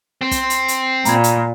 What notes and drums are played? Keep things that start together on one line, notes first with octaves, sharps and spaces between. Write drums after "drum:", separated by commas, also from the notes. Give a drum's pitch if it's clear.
C4
drum: kick, hi-hat
drum: hi-hat
drum: hi-hat
A#2 A#5 B5 G#6, drum: hi-hat
drum: hi-hat